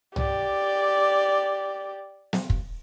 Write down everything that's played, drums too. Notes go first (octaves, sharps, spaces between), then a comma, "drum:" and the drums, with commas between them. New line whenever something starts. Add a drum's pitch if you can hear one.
G4 D5, drum: tom
drum: snare
drum: kick